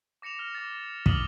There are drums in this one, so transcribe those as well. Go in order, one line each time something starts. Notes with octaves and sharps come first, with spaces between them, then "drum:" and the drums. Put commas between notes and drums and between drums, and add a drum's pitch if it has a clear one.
D6 A#6 C#7 E7 F7
F6 A#6
D6 A6
D6 D#6 F6 D#7 F#7 G7, drum: kick